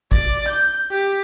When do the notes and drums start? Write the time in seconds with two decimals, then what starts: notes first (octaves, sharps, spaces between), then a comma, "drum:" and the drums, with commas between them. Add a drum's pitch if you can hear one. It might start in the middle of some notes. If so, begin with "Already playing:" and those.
0.12 D5, drum: kick A1
0.49 G6
0.91 G4